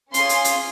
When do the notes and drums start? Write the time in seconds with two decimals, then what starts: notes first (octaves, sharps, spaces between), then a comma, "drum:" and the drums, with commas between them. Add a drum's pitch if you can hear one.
0.14 C#4 F4 G#4 C6, drum: hi-hat
0.29 drum: hi-hat
0.44 drum: hi-hat